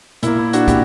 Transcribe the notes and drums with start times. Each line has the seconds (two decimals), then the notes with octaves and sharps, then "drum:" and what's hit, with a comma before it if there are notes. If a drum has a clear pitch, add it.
0.23 A#2 A#3 E4, drum: hi-hat
0.38 E4
0.53 D4 F#4, drum: hi-hat
0.68 A#2 E4 G4, drum: kick, hi-hat